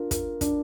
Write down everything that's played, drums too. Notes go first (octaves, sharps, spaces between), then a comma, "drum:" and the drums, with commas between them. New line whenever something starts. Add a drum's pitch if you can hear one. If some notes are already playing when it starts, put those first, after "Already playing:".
Already playing: D4 F4 A#4
A#4, drum: kick, hi-hat
D4, drum: kick, hi-hat